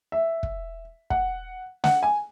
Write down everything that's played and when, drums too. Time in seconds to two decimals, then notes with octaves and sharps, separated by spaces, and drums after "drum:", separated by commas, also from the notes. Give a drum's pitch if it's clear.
0.12 E5
0.43 drum: kick
1.10 F#5, drum: kick
1.84 F#5, drum: snare
2.03 G#5